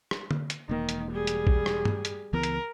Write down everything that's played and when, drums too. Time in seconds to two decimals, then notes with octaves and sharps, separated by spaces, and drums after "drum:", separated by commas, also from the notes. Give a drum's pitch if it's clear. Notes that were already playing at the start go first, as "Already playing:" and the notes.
0.11 drum: rim click
0.31 drum: tom D3
0.50 drum: hi-hat
0.69 E1 D#3 A#3
0.89 drum: hi-hat
1.12 G3 G#4
1.27 drum: hi-hat
1.47 drum: kick
1.66 drum: rim click
1.85 drum: tom G2
2.05 drum: hi-hat
2.33 C#2 E3 B3 A#4
2.43 drum: hi-hat